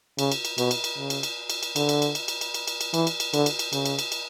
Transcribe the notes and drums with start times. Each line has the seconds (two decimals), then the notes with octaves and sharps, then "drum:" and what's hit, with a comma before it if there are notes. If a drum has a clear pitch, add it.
0.19 C#3, drum: cymbal
0.32 drum: cymbal
0.45 drum: cymbal
0.58 B2, drum: cymbal
0.71 drum: cymbal
0.84 drum: cymbal
0.97 C#3
1.10 drum: cymbal
1.23 drum: cymbal
1.50 drum: cymbal
1.63 drum: cymbal
1.76 D3, drum: cymbal
1.89 drum: cymbal
2.02 drum: cymbal
2.15 drum: cymbal
2.28 drum: cymbal
2.41 drum: cymbal
2.54 drum: cymbal
2.68 drum: cymbal
2.81 drum: cymbal
2.94 E3, drum: cymbal
3.07 drum: cymbal
3.20 drum: cymbal
3.34 D3, drum: cymbal
3.46 drum: cymbal
3.59 drum: cymbal
3.73 C#3, drum: cymbal
3.86 drum: cymbal
3.99 drum: cymbal
4.12 drum: cymbal